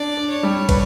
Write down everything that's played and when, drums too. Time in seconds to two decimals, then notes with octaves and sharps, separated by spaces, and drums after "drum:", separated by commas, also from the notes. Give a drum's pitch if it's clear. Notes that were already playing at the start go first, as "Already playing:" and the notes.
Already playing: D4 D5
0.17 D4
0.30 C#5
0.43 G3
0.69 B4, drum: kick, cymbal